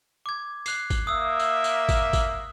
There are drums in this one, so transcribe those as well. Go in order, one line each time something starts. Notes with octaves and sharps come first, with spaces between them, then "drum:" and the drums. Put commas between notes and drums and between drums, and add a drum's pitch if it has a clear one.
D6 G#6
F#6 C7, drum: tambourine
drum: kick G#1, tambourine
A#3 E5 D#6 E6
drum: tambourine
drum: tambourine
drum: kick G#1, tambourine
drum: kick G#1, tambourine